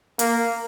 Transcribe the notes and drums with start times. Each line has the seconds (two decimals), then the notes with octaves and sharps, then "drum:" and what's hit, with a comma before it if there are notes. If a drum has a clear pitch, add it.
0.19 A#3, drum: hi-hat